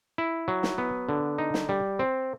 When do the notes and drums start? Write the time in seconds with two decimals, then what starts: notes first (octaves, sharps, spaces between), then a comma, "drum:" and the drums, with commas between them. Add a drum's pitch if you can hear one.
0.18 E4
0.48 F#3
0.63 drum: snare
0.78 B3
1.09 D3
1.38 D#4
1.54 drum: snare
1.69 G3
1.99 C4